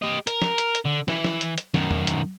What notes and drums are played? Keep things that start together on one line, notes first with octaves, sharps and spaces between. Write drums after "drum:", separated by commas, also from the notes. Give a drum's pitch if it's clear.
G4 D#5
A#4, drum: hi-hat
drum: snare
drum: hi-hat
drum: hi-hat
D3
E3 E4, drum: snare
drum: snare
drum: hi-hat
drum: hi-hat
F#2 D#3, drum: snare
drum: tom E2
drum: hi-hat